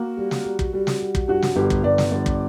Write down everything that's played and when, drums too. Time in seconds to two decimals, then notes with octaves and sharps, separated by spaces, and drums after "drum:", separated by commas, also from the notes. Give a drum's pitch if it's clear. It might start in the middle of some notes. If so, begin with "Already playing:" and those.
Already playing: A#3 F#4
0.17 G3
0.31 drum: snare
0.45 G3
0.59 drum: kick
0.73 G3
0.87 drum: snare
1.01 G3
1.15 drum: kick
1.28 G2 F#4
1.42 drum: snare
1.56 G1 G4
1.70 drum: kick
1.84 G1 D5
1.98 drum: snare
2.11 G1
2.26 drum: kick